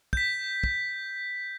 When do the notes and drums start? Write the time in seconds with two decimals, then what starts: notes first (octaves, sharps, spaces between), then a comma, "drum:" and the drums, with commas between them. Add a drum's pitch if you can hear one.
0.13 G6 B6, drum: kick
0.64 drum: kick